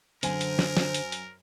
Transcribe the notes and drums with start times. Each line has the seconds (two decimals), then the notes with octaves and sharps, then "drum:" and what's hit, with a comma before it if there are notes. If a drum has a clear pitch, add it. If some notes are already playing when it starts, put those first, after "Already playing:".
0.23 F#2 D3 A#4 C5 G#5 F#7, drum: hi-hat
0.41 drum: hi-hat
0.59 drum: snare
0.77 drum: snare
0.94 drum: hi-hat
1.12 drum: hi-hat